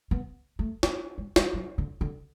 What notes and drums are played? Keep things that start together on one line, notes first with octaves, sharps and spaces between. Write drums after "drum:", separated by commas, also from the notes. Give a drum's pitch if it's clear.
B3
A3
B3, drum: snare
G#3
G#3, drum: snare
F#3
D3
D3